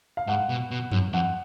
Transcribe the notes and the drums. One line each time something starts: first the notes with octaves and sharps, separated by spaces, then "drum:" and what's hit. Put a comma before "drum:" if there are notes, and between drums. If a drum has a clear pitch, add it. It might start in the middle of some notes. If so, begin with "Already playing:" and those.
F5
G#2 F#5
B2
B2
F#2, drum: tom F#2
F2 F#5